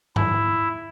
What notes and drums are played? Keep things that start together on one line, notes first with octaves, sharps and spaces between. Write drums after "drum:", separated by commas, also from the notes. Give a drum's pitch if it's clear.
E4, drum: tom G2